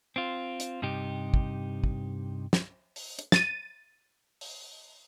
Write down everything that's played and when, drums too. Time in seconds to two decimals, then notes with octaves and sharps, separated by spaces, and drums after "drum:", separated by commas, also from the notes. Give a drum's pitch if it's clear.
0.16 C4 F4
0.60 drum: hi-hat
0.82 G2 C3 D#4 G4
1.34 drum: kick
1.84 drum: kick
2.53 drum: snare
2.96 drum: open hi-hat
3.19 drum: hi-hat
3.32 A6 D#7, drum: snare
4.41 drum: open hi-hat